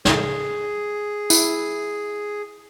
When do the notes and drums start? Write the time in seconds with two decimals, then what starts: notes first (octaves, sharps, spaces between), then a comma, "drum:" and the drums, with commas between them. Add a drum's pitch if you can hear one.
0.05 G#4, drum: snare
1.30 E4, drum: tambourine